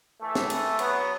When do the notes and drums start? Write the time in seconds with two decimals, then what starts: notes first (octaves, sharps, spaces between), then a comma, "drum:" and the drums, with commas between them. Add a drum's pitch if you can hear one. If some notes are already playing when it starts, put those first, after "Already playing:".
0.21 E3 A3
0.35 drum: snare
0.50 drum: cymbal
0.79 F#3 B3, drum: cymbal